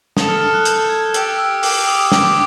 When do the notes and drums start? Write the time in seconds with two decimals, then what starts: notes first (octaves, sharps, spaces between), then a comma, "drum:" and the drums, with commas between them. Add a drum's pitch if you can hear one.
0.17 A4 D#6, drum: snare
0.28 F6
0.41 F6
0.54 F#6
0.65 G6, drum: hi-hat
0.89 G#6
1.14 G4 E6, drum: hi-hat
1.39 E6
1.63 G4 D6, drum: open hi-hat
1.88 D#6
2.12 G4 D6, drum: snare
2.25 D6